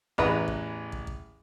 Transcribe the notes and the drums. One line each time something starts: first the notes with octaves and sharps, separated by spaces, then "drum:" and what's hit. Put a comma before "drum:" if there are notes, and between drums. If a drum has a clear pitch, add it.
A1 E2 B4 A#5 D#6 F#6, drum: kick
drum: kick
drum: kick
drum: kick